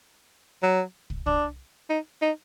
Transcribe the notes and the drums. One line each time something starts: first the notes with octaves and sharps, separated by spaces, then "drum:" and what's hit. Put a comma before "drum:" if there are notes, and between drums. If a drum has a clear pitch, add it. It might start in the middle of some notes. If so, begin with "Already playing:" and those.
F#3
drum: kick
D4, drum: kick
D#4
D#4